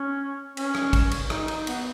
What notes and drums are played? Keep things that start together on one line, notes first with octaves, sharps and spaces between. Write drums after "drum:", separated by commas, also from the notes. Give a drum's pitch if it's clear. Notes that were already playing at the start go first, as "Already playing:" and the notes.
Already playing: C#4
C#4, drum: cymbal
drum: rim click
drum: kick A1, cymbal
drum: cymbal
D#4, drum: rim click
D#4, drum: cymbal
B3, drum: cymbal